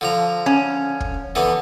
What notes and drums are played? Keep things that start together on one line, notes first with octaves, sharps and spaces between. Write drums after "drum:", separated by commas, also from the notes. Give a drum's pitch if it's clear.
D3 F3 A#5
C#4
drum: kick
D3 E3 B3